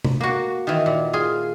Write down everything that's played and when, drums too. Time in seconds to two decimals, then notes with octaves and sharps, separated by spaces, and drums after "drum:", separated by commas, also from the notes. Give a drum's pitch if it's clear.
0.04 drum: tom C3
0.21 A#3 F#4
0.67 D#3 E3
0.86 A#2
1.13 F4 G#4